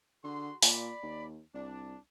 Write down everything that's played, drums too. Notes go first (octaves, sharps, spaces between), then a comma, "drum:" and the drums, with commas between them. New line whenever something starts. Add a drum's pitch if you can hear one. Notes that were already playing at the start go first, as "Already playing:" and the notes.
D3 F#4 G#4 C6
A#2 D5 B5, drum: open hi-hat
D#2
C2 D4